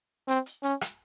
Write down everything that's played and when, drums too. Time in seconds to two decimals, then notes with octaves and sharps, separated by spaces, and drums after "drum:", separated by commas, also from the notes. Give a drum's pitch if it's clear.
0.28 C4, drum: hi-hat
0.46 drum: hi-hat
0.63 C#4, drum: hi-hat
0.81 drum: rim click